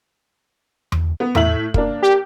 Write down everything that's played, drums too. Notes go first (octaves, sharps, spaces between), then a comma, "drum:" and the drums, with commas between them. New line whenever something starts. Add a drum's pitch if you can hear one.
drum: tom E2
B3
A2 E5 F#7, drum: tom E2
A#3 D4, drum: kick
G4